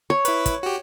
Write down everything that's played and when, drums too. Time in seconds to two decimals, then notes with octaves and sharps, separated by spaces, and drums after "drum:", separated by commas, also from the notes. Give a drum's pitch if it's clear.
0.10 C#5
0.25 E4 B4, drum: hi-hat
0.46 drum: kick, hi-hat
0.63 F#4 G4